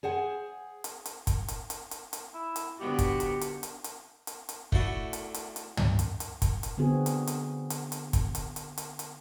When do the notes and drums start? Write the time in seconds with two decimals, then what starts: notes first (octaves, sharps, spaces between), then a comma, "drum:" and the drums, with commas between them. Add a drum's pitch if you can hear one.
0.03 G#4 C5 F#5 G#5
0.84 drum: hi-hat
1.06 drum: hi-hat
1.27 drum: kick, hi-hat
1.48 drum: hi-hat
1.70 drum: hi-hat
1.91 drum: hi-hat
2.13 drum: hi-hat
2.34 E4
2.56 drum: hi-hat
2.80 D3 B3 F#4 G4
2.99 drum: kick, hi-hat
3.20 drum: hi-hat
3.41 drum: hi-hat
3.63 drum: hi-hat
3.84 drum: hi-hat
4.27 drum: hi-hat
4.49 drum: hi-hat
4.72 A3 D4 E4 F#4, drum: kick
5.13 drum: hi-hat
5.34 drum: hi-hat
5.56 drum: hi-hat
5.77 drum: tom
5.99 drum: hi-hat
6.20 drum: hi-hat
6.42 drum: kick, hi-hat
6.63 drum: hi-hat
6.78 D3 B3 C4 F#4 G#4
7.06 drum: hi-hat
7.27 drum: hi-hat
7.70 drum: hi-hat
7.92 drum: hi-hat
8.13 drum: kick, hi-hat
8.35 drum: hi-hat
8.56 drum: hi-hat
8.78 drum: hi-hat
8.99 drum: hi-hat